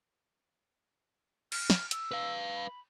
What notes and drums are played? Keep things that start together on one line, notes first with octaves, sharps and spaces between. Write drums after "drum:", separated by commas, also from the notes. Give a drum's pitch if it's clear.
F6, drum: cymbal
drum: snare
E6, drum: hi-hat
B4 F5
B5